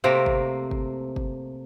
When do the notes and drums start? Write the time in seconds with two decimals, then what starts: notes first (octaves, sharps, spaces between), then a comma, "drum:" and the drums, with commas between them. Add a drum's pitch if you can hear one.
0.04 C3 A3 A#3 C4
0.26 drum: kick G1
0.71 drum: kick G1
1.16 drum: kick G1